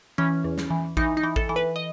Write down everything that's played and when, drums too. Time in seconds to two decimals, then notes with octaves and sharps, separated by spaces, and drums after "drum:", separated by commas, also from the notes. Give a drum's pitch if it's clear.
0.18 E3 C#4
0.44 E2
0.58 drum: snare
0.70 E3
0.97 E3 D#4, drum: kick
1.17 D#4
1.23 E3
1.36 A4, drum: kick
1.49 E3
1.56 B4
1.76 D#5